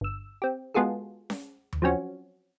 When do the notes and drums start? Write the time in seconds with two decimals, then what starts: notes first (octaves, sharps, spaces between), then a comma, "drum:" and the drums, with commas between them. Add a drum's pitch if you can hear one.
0.01 G1 E6
0.42 C4 G4
0.74 G#3 B3 F4 F#4 G#4 A4
1.30 drum: snare C#4
1.73 drum: tom D#2
1.82 F3 F#3 C4 C#4 F#4